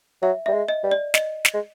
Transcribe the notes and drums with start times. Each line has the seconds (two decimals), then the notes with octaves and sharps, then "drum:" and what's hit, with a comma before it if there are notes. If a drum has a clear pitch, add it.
0.22 F#3 E5
0.46 G3 E5
0.53 G#3
0.68 D#5
0.84 G3
0.91 D5
1.14 D#5, drum: snare
1.45 drum: snare
1.54 G#3